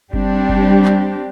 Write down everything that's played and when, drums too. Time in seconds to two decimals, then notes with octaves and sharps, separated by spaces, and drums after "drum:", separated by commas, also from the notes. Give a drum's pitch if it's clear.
0.13 G3 C4 D4 G4, drum: kick F#1
0.49 drum: kick F#1
0.85 drum: clap